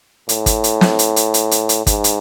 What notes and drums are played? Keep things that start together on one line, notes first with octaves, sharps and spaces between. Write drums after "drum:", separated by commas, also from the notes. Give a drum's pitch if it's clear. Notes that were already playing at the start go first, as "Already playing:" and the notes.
A2, drum: hi-hat
drum: kick, hi-hat
drum: hi-hat
drum: snare
drum: hi-hat
drum: hi-hat
drum: hi-hat
drum: hi-hat
drum: hi-hat
G#2, drum: kick, hi-hat
drum: hi-hat